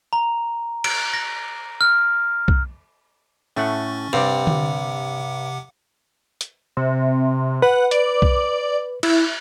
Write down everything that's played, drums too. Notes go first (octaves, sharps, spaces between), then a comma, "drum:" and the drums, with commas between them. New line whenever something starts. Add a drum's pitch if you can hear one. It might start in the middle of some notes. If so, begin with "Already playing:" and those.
A#5
D7, drum: cymbal
A#6
F6
drum: kick B1
A2 A3 C#4 F#5 C#6 A6
G2 C3 C4 D5 F#5 D6
drum: tom D3
drum: hi-hat
C3
B4 F#5
D5, drum: hi-hat
drum: kick B1
E4, drum: cymbal